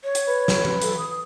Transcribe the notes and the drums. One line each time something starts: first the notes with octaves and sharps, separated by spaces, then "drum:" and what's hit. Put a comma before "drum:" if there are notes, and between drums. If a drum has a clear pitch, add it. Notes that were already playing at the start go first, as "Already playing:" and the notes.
C#5
drum: hi-hat
B4
drum: snare
drum: tom E3
A4, drum: hi-hat
D#6